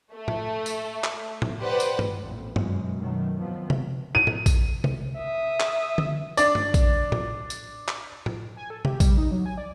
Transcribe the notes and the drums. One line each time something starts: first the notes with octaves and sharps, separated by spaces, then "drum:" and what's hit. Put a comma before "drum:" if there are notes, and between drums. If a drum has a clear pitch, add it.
A3
drum: tom A2
drum: tambourine
drum: clap
drum: tom A2
G4 B4 C5 D5 F#5
drum: tambourine
drum: tom G2
A1 F2 A#2
F#2 B2 E3 G#3, drum: tom G2
F#2 B2 D#3 F#3 A3
D#2 C3 F3 F#3 B3 C4
drum: tom C3
D#7
drum: tom A2
drum: kick, tambourine
drum: tom C3
E5 D#6
drum: clap
drum: tom D3
D4 D5, drum: tambourine
drum: tom G2
drum: kick, tambourine
drum: tom A2
drum: tambourine
drum: clap
drum: tom A2
G#5
A4
G4, drum: tom C3
G3, drum: kick, tambourine
D#4
F#3
G#5
D5